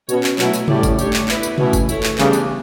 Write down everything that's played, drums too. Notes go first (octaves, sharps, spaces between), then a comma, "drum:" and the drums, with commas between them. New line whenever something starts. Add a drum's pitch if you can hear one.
B2 C#4 F#4 C#5, drum: tambourine
drum: clap
B2 F#3 A3 E4, drum: clap
drum: tambourine
A2 G3 C#4 G4 D5, drum: tom C3
drum: kick G1, tambourine
A3 D4 G4 C#5, drum: tambourine
drum: clap
B3 E4 B4, drum: clap
drum: tambourine
B2 E3 A3 C#4 E4 B4, drum: tom C3
drum: kick G1, tambourine
A3 E4 A4 C#5, drum: tambourine
drum: clap
C#3 E3 G3 B3 D4 G4, drum: clap
drum: tambourine